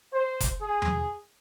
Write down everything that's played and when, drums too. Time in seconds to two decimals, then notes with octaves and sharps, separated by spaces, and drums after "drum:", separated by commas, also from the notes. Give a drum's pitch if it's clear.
0.13 C5
0.40 drum: kick F1, hi-hat
0.61 G#4
0.82 drum: tom E2